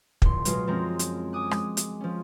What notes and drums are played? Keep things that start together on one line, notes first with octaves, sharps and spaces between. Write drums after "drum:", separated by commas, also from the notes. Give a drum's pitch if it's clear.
F1 A2 D3 C6, drum: kick
B2 F#3 G#3 F4 F#4, drum: hi-hat
F#2 F3 G#3 C4 C#4 A#5
drum: hi-hat
G#5 D6 D#6 F#6
G#3, drum: rim click
drum: hi-hat
F3 C#4